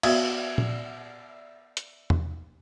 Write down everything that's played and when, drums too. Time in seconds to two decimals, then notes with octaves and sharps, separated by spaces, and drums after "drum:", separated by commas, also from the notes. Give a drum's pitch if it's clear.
0.03 B3 F#4 D5 E5 F5 G#6, drum: cymbal
0.58 drum: tom A#2
1.77 drum: hi-hat
2.10 drum: tom E2